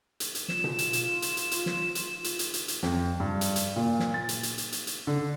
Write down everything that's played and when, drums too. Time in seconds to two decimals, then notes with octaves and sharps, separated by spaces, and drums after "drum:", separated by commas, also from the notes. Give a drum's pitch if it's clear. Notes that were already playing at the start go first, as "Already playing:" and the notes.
0.20 drum: hi-hat
0.35 drum: hi-hat
0.48 F4 E7, drum: snare
0.64 drum: tom B2
0.79 drum: hi-hat
0.93 drum: hi-hat
1.22 drum: hi-hat
1.37 drum: hi-hat
1.51 drum: hi-hat
1.66 drum: snare
1.95 drum: hi-hat
2.24 drum: hi-hat
2.39 drum: hi-hat
2.54 drum: hi-hat
2.68 drum: hi-hat
2.83 F2, drum: snare
3.20 G2
3.41 drum: hi-hat
3.56 drum: hi-hat
3.76 A#2
3.99 drum: snare
4.14 A6
4.29 drum: hi-hat
4.43 drum: hi-hat
4.58 drum: hi-hat
4.72 drum: hi-hat
4.87 drum: hi-hat
5.07 D3